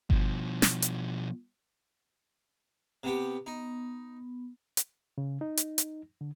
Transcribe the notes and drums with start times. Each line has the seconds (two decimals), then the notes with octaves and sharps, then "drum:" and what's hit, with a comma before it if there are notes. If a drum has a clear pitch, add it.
0.10 B2 F3, drum: kick G1
0.62 drum: snare
0.82 drum: hi-hat
3.03 C3 B3 G4
3.46 B3 D#4
4.77 drum: hi-hat
5.18 C#3
5.41 D#4
5.57 drum: hi-hat
5.78 drum: hi-hat
6.21 D3